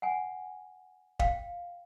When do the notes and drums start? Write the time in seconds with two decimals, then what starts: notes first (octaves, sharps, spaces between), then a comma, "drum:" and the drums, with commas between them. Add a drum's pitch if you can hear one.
0.02 F#5 G#5
1.19 F5 G5, drum: kick D#1